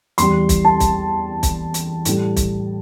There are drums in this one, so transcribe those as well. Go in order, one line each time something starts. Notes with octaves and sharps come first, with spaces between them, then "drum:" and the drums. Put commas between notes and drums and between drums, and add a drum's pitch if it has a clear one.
E2 E3 G3 C6, drum: hi-hat
drum: kick, hi-hat
A5
drum: kick, hi-hat
drum: kick, hi-hat
drum: hi-hat
A2 G3, drum: hi-hat
drum: kick, hi-hat